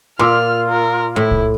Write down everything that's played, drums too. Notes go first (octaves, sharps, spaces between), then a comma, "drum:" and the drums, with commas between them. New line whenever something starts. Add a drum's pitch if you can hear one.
A#2 F4 C6 D6 E6 F6
A#4
A2 E4
drum: kick